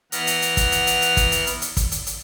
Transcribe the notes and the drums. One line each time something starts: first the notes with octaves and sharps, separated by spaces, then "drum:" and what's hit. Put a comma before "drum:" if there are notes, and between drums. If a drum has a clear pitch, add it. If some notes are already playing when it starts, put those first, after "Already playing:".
E3 B3 F#5 A#5 F6, drum: hi-hat
drum: hi-hat
drum: hi-hat
drum: kick, hi-hat
drum: hi-hat
drum: hi-hat
drum: hi-hat
drum: kick, hi-hat
drum: hi-hat
drum: hi-hat
drum: hi-hat
drum: kick, hi-hat
drum: hi-hat
drum: hi-hat